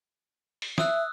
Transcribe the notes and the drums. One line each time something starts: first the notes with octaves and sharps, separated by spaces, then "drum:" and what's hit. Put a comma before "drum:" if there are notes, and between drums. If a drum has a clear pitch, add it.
drum: open hi-hat
E5 D#6 E6 F#6, drum: snare